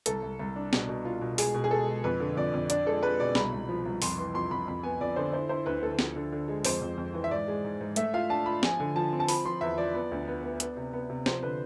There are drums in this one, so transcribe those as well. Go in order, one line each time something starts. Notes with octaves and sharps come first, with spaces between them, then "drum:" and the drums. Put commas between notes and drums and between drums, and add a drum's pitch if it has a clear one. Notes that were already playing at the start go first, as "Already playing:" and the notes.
C2 A4, drum: hi-hat
C2
C2
D4
B2, drum: snare
B2
F4
B2
G#3 G#4, drum: open hi-hat
B2
G#4
G#3 A4
G#3
F2 B4
D3
F2 D5
F2
D4 D5, drum: hi-hat
G#3 A4
G#3 B4
B2 D5
C2 B5, drum: snare
C2
F3
C2
F2 C6, drum: open hi-hat
E3 C6
F2 C6
F2 B5
F2 B5
B3 G#5
F2 D5
D3 C5
E4 C5
E4 C5
D2 B4
D2 A4
F3, drum: snare
D3
D3
G#3
F2 C5, drum: open hi-hat
F2
F2
E3
E5
G#2 D5
G#3
G#2
G#2
A3 E5, drum: hi-hat
F4 F5
D4 A5
F4 B5
F3 G#5, drum: snare
D3
F3 A5
C4
A5
F3 B5, drum: open hi-hat
F3 C6
E2 E5
F3 D5
B3
D2
B3
B3
B3, drum: hi-hat
C3
B3
C3
F3 C5, drum: snare
D3 B4